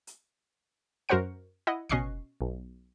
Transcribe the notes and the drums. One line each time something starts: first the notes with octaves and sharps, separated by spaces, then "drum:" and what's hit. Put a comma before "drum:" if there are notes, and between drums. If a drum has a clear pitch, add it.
drum: hi-hat
F#2 F#4 A#4 C5 F#5 C#7
E4 D#5 F#5
B2 C#4 D#5 C#6 F#6 C7, drum: tom
B1